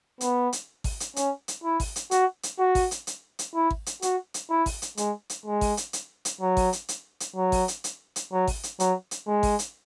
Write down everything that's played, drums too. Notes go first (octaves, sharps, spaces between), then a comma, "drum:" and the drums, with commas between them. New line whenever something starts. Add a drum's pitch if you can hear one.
B3, drum: hi-hat
drum: hi-hat
drum: kick G#1, open hi-hat
drum: hi-hat
C#4, drum: hi-hat
drum: hi-hat
E4
drum: kick G#1, open hi-hat
drum: hi-hat
F#4, drum: hi-hat
drum: hi-hat
F#4
drum: kick G#1, open hi-hat
drum: hi-hat
drum: hi-hat
drum: hi-hat
E4
drum: kick G#1
drum: hi-hat
F#4, drum: hi-hat
drum: hi-hat
E4
drum: kick G#1, open hi-hat
drum: hi-hat
G#3, drum: hi-hat
drum: hi-hat
G#3
drum: kick G#1, open hi-hat
drum: hi-hat
drum: hi-hat
drum: hi-hat
F#3
drum: kick G#1, open hi-hat
drum: hi-hat
drum: hi-hat
drum: hi-hat
F#3
drum: kick G#1, open hi-hat
drum: hi-hat
drum: hi-hat
drum: hi-hat
F#3
drum: kick G#1, open hi-hat
drum: hi-hat
F#3, drum: hi-hat
drum: hi-hat
G#3
drum: kick G#1, open hi-hat
drum: hi-hat